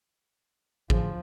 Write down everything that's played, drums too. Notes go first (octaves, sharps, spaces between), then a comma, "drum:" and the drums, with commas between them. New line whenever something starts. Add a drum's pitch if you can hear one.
A2 D3 F3 G#4, drum: kick A1